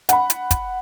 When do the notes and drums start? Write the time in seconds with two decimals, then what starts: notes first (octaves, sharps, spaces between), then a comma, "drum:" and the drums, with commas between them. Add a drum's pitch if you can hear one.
0.09 F#5 B5, drum: hi-hat
0.30 drum: hi-hat
0.51 drum: kick, hi-hat